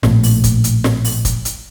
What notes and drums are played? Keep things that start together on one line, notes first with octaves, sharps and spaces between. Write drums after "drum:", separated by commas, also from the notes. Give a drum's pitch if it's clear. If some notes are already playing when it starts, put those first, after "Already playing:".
A#1 A2, drum: snare
drum: open hi-hat
drum: kick, hi-hat
drum: hi-hat
drum: snare
drum: open hi-hat
drum: kick, hi-hat
drum: hi-hat